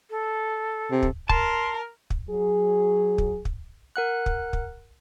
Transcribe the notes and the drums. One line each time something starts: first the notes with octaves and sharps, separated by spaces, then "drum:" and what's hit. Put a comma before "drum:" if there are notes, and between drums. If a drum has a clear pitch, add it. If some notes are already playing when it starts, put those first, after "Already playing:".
A4
C3
drum: kick
A#4 A5 C6, drum: kick
drum: kick
F#3 G#4
drum: kick
drum: kick
A#4 F#5 F#6
drum: kick
drum: kick